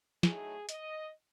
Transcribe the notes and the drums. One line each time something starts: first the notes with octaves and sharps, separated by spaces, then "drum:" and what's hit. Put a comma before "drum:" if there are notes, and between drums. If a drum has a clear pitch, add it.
A2 F#3 A3 D#4 G#4, drum: snare
D#5, drum: hi-hat